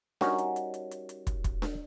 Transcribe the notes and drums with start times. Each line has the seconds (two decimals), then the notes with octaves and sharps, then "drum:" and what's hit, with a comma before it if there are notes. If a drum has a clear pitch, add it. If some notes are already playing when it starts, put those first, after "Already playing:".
0.21 G3 C#4 D#4 F#4 A#4, drum: snare D4
0.38 drum: hi-hat
0.56 drum: hi-hat
0.74 drum: hi-hat
0.91 drum: hi-hat
1.09 drum: hi-hat
1.27 drum: kick, hi-hat
1.44 drum: kick, hi-hat
1.62 drum: snare D4